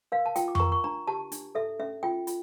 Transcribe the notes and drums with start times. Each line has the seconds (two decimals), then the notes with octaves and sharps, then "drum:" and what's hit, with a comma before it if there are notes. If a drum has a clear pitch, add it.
0.12 A#4 F5
0.26 A5
0.36 F4 G5, drum: hi-hat
0.48 D6
0.55 C#6, drum: tom F2
0.60 A#4 A#5
0.72 C#6
0.84 D4 A#5
1.07 G4 A5
1.32 D4, drum: hi-hat
1.55 A4 E5
1.79 C#4 E5
2.03 F4 G5
2.27 F4, drum: hi-hat